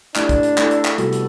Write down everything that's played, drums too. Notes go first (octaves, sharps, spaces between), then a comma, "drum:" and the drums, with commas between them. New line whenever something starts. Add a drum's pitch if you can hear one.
A3 D4 E4 G4, drum: clap
drum: kick, hi-hat
drum: hi-hat
A3 E4 A4, drum: clap
drum: hi-hat
drum: clap
C3 G3 B3 F#4 A4, drum: hi-hat
drum: hi-hat